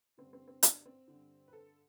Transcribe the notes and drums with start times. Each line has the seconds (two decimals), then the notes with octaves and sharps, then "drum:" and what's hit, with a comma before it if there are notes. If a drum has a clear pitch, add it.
0.18 G2 D3 C4
0.33 C4
0.48 C4
0.63 D4, drum: hi-hat
0.86 C4
1.08 D3
1.13 G2
1.48 B4
1.53 A4